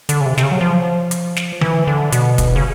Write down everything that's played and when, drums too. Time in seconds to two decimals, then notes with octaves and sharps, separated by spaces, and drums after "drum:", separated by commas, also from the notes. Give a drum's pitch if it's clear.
0.09 D3, drum: hi-hat
0.21 C#3
0.26 C3
0.38 C3, drum: snare
0.43 C#3
0.51 F#3
0.61 F3
1.11 drum: hi-hat
1.36 drum: snare
1.61 E3, drum: tom D3
1.87 D3
2.12 B2, drum: hi-hat
2.38 drum: kick, hi-hat
2.56 C#3